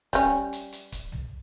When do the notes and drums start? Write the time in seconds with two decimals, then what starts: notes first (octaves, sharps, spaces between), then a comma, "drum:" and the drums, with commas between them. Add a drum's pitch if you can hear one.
0.13 G3 C#4, drum: kick C#1, hi-hat
0.53 drum: hi-hat
0.73 drum: hi-hat
0.92 drum: kick C#1, hi-hat
1.12 drum: tom